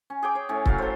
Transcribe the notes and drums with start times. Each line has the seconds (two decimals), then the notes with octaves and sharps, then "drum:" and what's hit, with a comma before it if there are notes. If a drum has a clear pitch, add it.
0.10 C#4
0.23 G#4 G5 D6
0.35 C#5
0.49 A2 C#4
0.66 A2 F#3 F5, drum: kick C#1
0.78 A4 C5